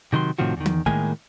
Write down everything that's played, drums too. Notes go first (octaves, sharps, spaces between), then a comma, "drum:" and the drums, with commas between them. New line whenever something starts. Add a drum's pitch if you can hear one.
C3 D#3 F#3 C6
A2 C3 D#3 F3 F#4
E2 D#3
drum: tom E3
A2 D#3 G#3 A#3 G#5, drum: kick